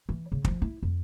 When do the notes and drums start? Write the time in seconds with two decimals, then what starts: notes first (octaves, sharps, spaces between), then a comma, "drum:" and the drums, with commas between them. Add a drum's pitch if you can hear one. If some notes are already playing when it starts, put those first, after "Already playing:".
0.09 E3
0.32 C#3
0.45 F3, drum: kick
0.62 E4
0.83 F2